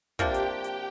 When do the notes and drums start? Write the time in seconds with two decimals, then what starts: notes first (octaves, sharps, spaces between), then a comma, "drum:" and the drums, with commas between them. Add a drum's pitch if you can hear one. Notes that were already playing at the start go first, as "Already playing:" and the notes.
0.19 C3 F3 A#3 D4 G4 G5, drum: kick, hi-hat
0.34 drum: hi-hat
0.64 drum: hi-hat